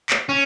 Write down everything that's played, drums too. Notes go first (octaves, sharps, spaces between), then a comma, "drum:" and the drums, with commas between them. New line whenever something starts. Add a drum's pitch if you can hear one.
drum: clap
C#4